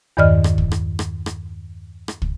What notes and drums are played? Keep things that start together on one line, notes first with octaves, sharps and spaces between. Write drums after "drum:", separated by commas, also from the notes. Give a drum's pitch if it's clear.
E2 G2 D#3 D5 D#5 F6
drum: rim click
drum: kick
drum: rim click
drum: rim click
drum: rim click
drum: rim click
drum: kick